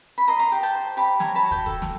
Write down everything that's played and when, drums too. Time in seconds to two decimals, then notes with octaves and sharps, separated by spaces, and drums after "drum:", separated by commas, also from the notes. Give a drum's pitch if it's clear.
0.18 B5
0.28 D#5 A#5 C6
0.39 A#5 C6
0.52 G4
0.63 G5 A5
0.75 C5
0.97 G4 A5 B5
1.20 C#5 G#5 A#5, drum: snare
1.35 A5 B5
1.44 F#4
1.51 G5 A5, drum: kick
1.66 A4, drum: kick
1.82 drum: snare